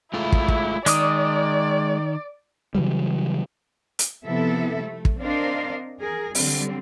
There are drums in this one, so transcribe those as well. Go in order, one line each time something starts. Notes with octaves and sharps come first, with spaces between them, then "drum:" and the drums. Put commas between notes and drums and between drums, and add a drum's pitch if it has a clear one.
G#3 A3 E4 F4
drum: kick
drum: kick
D#3 G#3 D5 D6 D#6, drum: hi-hat
C#3 E3 F#3 G3
drum: hi-hat
C3 F3 B3 E4 A4 E5
A3
drum: kick
C4 D4 A#4 C5 D#5 F5
G#4 A#4
D3 F#3 G3 C4, drum: open hi-hat